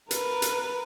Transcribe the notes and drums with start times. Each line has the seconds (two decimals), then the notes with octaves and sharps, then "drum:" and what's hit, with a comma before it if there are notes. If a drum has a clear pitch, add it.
0.11 A#4 B4, drum: hi-hat
0.42 drum: hi-hat